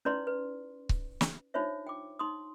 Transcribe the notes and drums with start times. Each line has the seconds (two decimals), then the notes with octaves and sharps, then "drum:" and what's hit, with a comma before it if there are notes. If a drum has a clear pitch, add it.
0.05 C#4 D#4 E4 B4 D5 C6
0.27 B4
0.89 drum: kick C#1
1.21 drum: snare
1.54 D4 D#4 F4 C5 C#5 E5
1.87 G5 D6
2.19 D#4 C6 D#6